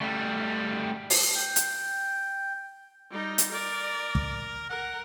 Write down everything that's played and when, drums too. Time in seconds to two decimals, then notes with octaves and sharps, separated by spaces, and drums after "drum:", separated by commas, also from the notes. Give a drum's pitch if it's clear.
0.01 G3 A3
1.10 drum: open hi-hat
1.35 G5
1.56 drum: hi-hat
3.10 G3 D#4
3.38 drum: hi-hat
3.52 A#4 D5
4.15 drum: kick
4.70 A#4 F#5